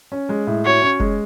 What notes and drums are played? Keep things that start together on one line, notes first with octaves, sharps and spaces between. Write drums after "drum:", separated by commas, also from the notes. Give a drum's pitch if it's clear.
C#4
G#3
A2
F#4 C#5
C#4
G#3, drum: kick F1